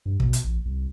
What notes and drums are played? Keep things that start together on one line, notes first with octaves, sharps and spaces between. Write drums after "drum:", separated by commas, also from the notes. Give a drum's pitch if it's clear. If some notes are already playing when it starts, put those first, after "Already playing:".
G2
B2, drum: kick
drum: hi-hat
A#1
C2